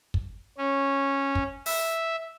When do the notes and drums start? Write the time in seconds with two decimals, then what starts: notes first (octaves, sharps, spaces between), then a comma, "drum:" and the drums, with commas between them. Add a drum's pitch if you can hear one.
0.14 drum: kick
0.58 C#4
1.35 drum: kick
1.66 E5, drum: open hi-hat